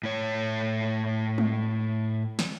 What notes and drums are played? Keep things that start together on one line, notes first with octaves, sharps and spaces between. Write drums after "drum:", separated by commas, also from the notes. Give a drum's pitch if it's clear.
A2 C#5
drum: tom G3
drum: snare